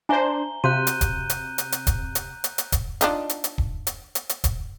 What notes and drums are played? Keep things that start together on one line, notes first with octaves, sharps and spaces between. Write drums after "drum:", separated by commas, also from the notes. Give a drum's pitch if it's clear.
D4 C5 E5 G#5 A#5 G7
C3 F#4 F5 C6 F#6 G6 D#7
drum: hi-hat
drum: kick, hi-hat
drum: hi-hat
drum: hi-hat
drum: hi-hat
drum: kick, hi-hat
drum: hi-hat
drum: hi-hat
drum: hi-hat
drum: kick, hi-hat
D4 D#4 F4, drum: hi-hat
drum: hi-hat
drum: hi-hat
drum: kick
drum: hi-hat
drum: hi-hat
drum: hi-hat
drum: kick, hi-hat